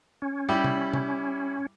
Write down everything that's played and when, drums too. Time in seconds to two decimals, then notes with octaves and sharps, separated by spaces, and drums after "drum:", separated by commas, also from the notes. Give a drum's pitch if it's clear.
0.22 C#4
0.49 G3 E4 G4
0.64 drum: tom C3
0.94 drum: tom C3